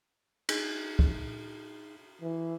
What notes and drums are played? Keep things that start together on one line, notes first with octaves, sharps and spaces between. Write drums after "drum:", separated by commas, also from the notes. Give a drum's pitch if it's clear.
D#4 G#4, drum: cymbal
drum: kick
E3